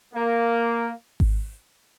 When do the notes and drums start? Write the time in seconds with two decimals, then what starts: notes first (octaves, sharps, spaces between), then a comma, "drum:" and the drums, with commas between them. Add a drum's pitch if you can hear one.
0.14 A#3
1.20 drum: kick G#1